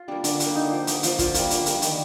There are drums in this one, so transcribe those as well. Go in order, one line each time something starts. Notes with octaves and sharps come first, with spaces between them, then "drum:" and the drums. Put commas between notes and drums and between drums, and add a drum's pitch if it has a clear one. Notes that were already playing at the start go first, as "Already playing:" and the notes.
Already playing: F4
G3 A#3 D4
D3 D4, drum: hi-hat
G3 A#3, drum: hi-hat
D3 D#4
F3 A#3
D3, drum: hi-hat
F3 A#3, drum: hi-hat
D3 F4, drum: kick, hi-hat
G3 A#3, drum: hi-hat
D3, drum: hi-hat
G3 A#3, drum: hi-hat
D#3, drum: hi-hat